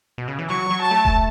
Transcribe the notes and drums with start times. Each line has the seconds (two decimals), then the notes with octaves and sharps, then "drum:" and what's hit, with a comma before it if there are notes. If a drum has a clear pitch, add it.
0.18 B2
0.28 C#3
0.39 E3
0.50 F#3 C#6
0.71 F#3
0.81 A5
0.91 A3
1.05 drum: kick E1